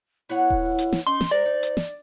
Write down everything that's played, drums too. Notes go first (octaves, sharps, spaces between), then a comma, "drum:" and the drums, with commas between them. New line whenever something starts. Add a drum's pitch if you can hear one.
B3 E4 C#5 F#5
drum: kick D#1
drum: hi-hat
drum: snare
C#4 D#4 C6
drum: snare
G#3 A#4 C5 D5
D#4
drum: hi-hat
drum: snare